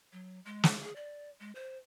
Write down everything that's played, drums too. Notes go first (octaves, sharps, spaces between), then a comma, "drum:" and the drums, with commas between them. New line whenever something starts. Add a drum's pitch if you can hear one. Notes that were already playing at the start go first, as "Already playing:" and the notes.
F#3
G#3
drum: snare
G#4
D5
G#3
C5